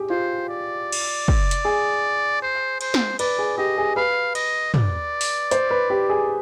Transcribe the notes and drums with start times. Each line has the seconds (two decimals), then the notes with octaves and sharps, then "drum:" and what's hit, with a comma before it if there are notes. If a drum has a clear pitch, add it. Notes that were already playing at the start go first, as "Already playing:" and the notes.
Already playing: G4 G#4
0.10 F4 C5
0.49 D5
0.92 drum: cymbal
1.28 drum: kick
1.51 drum: hi-hat
1.65 G#4
2.42 C5
2.81 C5, drum: cymbal
2.94 drum: snare
3.19 B4 D5, drum: cymbal
3.39 G#4
3.58 G4 D#5
3.78 G#4
3.96 B4 F5
4.35 D#5, drum: cymbal
4.74 D5, drum: tom
5.21 drum: open hi-hat
5.51 C5, drum: hi-hat
5.71 B4
5.90 G4
6.10 G#4